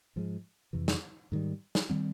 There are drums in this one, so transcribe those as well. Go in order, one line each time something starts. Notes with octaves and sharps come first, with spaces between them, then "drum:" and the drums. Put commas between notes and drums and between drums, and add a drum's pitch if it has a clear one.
G#2 F3 G#3
F2 C3 E3
drum: snare
G#2 D#3 G3
drum: snare
D#3 G3 C4